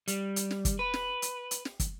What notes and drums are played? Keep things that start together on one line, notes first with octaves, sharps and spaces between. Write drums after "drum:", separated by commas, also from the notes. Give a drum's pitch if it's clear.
G3, drum: hi-hat
drum: hi-hat
drum: snare
drum: kick, hi-hat
B4
drum: snare
drum: hi-hat
drum: hi-hat
drum: snare
drum: kick, hi-hat